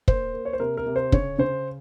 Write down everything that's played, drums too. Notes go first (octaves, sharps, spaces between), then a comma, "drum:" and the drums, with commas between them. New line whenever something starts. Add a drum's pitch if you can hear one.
A#3 C5, drum: kick
A#3
C#5
C5
C3 A#4
A#4
C3
C5
C#3 C#5, drum: kick
C#3 C5